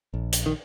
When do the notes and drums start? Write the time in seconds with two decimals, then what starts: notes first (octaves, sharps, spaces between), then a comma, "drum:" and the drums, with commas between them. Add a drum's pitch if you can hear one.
0.14 A#1
0.33 drum: hi-hat
0.46 D#3